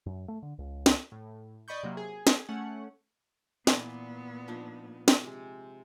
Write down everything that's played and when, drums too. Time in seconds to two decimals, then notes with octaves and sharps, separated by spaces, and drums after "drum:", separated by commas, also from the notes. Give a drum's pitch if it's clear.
0.06 F#2
0.28 A3
0.43 D3
0.59 C#2
0.86 drum: snare
1.12 A2
1.68 D5 D#5 B5 C#6 G6
1.83 C3 F#3 A#3
1.97 G#4
2.27 drum: snare
2.49 A3 C#4 F#5
3.67 A#2 E3 B3 D5, drum: snare
4.48 F3 D4 D#4
5.08 drum: snare
5.23 C3 G#3